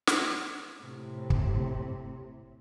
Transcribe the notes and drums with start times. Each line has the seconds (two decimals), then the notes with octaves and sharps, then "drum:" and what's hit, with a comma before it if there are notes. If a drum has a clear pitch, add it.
0.07 drum: snare
0.80 A2 C3
1.30 drum: kick